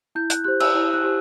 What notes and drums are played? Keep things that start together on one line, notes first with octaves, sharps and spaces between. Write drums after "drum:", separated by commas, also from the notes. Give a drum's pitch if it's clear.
E4 G6
F#6, drum: hi-hat
G4 C5 F#6
E6, drum: cymbal
E4
F#6
G4 C5